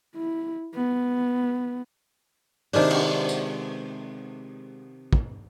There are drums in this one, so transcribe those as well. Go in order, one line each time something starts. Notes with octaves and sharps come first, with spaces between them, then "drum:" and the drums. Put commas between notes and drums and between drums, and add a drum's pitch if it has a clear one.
E4
B3
C3 D#3 G#3 D4, drum: open hi-hat
drum: cymbal
drum: tambourine
drum: kick